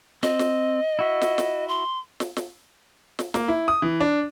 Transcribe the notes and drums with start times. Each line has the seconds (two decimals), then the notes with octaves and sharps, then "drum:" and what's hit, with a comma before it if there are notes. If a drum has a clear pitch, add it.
0.23 C4 D#5, drum: snare
0.39 drum: snare
0.99 E4 F#4 E5
1.21 drum: snare
1.38 drum: snare
1.68 C6
2.20 drum: snare
2.37 drum: snare
3.19 drum: snare
3.34 A#3, drum: snare
3.48 E4
3.68 D#6
3.82 E3
4.00 D4